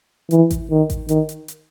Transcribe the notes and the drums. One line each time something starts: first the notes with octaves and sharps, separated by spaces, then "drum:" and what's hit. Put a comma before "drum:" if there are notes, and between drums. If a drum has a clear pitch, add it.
E3, drum: hi-hat
drum: kick A1, hi-hat
D#3
drum: kick A1, hi-hat
D#3, drum: hi-hat
drum: hi-hat
drum: hi-hat